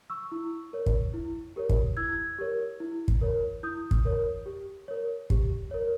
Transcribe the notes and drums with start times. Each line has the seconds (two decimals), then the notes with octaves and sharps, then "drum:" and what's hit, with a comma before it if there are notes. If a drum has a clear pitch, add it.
0.10 C#6 E6
0.32 E4
0.73 A#4 C#5
0.86 drum: kick
1.14 E4
1.56 G4 A#4 C#5
1.69 drum: kick
1.97 E4 E6 G#6
2.38 G4 A#4 C#5
2.80 E4
3.08 drum: kick
3.21 A#4 C#5
3.63 E4 D#6 G6
3.91 drum: kick
4.05 A#4 C#5
4.46 G4
4.88 A#4 C#5
5.30 G4, drum: kick
5.71 A#4 C#5